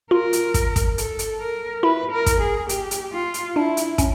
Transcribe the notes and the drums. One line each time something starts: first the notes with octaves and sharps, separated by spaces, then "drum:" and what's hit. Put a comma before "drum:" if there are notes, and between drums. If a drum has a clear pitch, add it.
F4 A#4
drum: hi-hat
drum: kick, hi-hat
drum: kick, hi-hat
A4, drum: hi-hat
drum: hi-hat
A#4
E4 B4
A#4
drum: kick, hi-hat
G#4
G4, drum: hi-hat
drum: hi-hat
F4
drum: hi-hat
D4 E4
drum: hi-hat
C#4, drum: kick, hi-hat